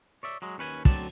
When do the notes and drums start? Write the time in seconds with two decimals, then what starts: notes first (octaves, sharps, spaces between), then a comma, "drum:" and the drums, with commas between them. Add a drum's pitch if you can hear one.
0.23 C#5 D5 E5
0.42 F#3 G#3
0.58 D#2 C#4 B4 G#5
0.85 D2 F#3 C4 D5 A5, drum: kick